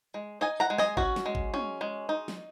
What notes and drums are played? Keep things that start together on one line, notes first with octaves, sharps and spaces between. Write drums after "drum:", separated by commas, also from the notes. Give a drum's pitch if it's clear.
G#3
D#4 D#5 G#5
F#5 A#5
G#3
D#5 G#5, drum: snare
C#4 F#4, drum: kick G1
drum: snare
G#3
drum: kick G1
C#4, drum: tom
G#3
D#4
drum: snare